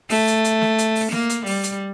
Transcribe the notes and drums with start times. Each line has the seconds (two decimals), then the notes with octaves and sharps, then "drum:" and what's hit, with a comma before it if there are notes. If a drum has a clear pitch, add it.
0.10 A3, drum: open hi-hat
0.27 drum: hi-hat
0.44 drum: hi-hat
0.61 drum: snare
0.78 drum: hi-hat
0.95 drum: open hi-hat
1.12 A#3, drum: snare
1.29 drum: hi-hat
1.46 G3, drum: open hi-hat
1.64 drum: hi-hat